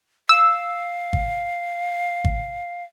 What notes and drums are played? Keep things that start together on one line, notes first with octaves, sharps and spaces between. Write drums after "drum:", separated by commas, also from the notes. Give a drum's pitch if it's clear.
F5 E6
drum: kick
drum: kick